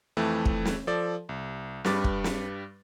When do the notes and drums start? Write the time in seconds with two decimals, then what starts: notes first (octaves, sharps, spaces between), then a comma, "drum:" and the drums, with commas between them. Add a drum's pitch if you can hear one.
0.17 F2 E3 A3
0.46 drum: kick
0.65 drum: snare
0.87 F3 A4 D5
1.29 C2
1.85 G2 G3 B4 D6 A6, drum: snare
2.04 drum: kick
2.24 drum: snare